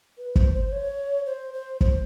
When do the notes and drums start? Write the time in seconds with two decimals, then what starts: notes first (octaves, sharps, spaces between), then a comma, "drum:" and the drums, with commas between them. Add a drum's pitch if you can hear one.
0.18 B4
0.36 C5, drum: kick
0.54 C5
0.72 C#5
1.26 C5
1.53 C5
1.81 C5, drum: kick